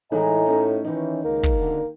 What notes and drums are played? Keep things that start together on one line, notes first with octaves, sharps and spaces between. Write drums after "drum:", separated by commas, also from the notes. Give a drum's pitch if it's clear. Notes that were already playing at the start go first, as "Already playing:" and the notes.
A2 E3 G#3 D#4 D#5 G#5 A#5
A3 C#4 D#4
D#3 E3 C#4 D#4
C#2 A#3
drum: kick
G#1 D3